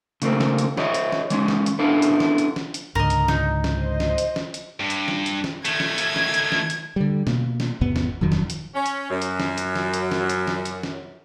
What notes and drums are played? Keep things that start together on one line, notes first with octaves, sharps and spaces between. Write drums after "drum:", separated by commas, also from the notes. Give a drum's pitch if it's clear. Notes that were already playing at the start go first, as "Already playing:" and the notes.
C#3 A3 A#3 C4, drum: hi-hat
drum: snare
drum: hi-hat
G#4 C#5 D#5 E5, drum: snare
drum: hi-hat
drum: snare
E3 G#3 C#4, drum: hi-hat
drum: snare
drum: hi-hat
B3 C#4 D4 E4 A4 F5
drum: hi-hat
drum: snare
drum: hi-hat
drum: snare
drum: hi-hat
C#2 G#2 D3 A#4 D#5
drum: hi-hat
D#4, drum: snare
drum: snare
C5 D#5
drum: snare
drum: hi-hat
drum: snare
drum: hi-hat
G2
drum: hi-hat
drum: snare
drum: hi-hat
drum: snare
D#3 A3 G#6, drum: hi-hat
drum: snare
drum: hi-hat
drum: snare
drum: hi-hat
drum: snare
drum: hi-hat
D3 G3
B2 A#3, drum: snare
drum: snare
G#1 E2 C3 B3
drum: snare
D#1 F2 D#3 F#3
drum: snare
drum: hi-hat
C#4
drum: hi-hat
F#2
drum: hi-hat
drum: snare
drum: hi-hat
drum: snare
drum: hi-hat
drum: snare
drum: hi-hat
drum: snare
drum: hi-hat
drum: snare